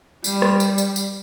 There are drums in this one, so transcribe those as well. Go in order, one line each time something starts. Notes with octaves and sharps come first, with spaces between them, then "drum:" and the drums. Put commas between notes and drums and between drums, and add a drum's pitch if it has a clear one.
G3, drum: tambourine
drum: rim click
drum: tambourine
drum: tambourine
drum: tambourine